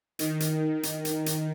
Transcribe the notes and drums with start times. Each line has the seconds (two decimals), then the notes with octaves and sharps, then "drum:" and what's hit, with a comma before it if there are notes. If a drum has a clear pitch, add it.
0.19 D#3, drum: hi-hat
0.40 drum: hi-hat
0.83 drum: hi-hat
1.05 drum: hi-hat
1.26 drum: hi-hat